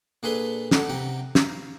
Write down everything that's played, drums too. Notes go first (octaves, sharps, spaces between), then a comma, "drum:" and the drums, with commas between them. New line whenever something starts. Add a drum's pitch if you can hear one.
A#2 D4 G#4 A4 B4 C6
D4 A4 F#5, drum: snare
C3 G4 F#5 A#5
F5 A#5, drum: snare